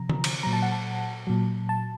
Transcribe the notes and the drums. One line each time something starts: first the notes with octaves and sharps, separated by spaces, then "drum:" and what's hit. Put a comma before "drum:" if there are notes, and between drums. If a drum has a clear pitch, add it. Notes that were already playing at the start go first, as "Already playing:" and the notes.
Already playing: C3 F3 A#5
drum: tom D3
drum: cymbal
A#2 F#3 A#5
A5
F#5
A5
A#2 F#3
A5